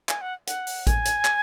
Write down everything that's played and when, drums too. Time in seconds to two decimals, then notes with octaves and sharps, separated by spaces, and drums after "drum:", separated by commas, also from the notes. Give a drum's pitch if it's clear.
0.09 G#5, drum: clap
0.21 F#5
0.47 F#5, drum: hi-hat
0.67 drum: open hi-hat
0.87 G#5, drum: kick A1, hi-hat
1.05 drum: hi-hat
1.25 drum: clap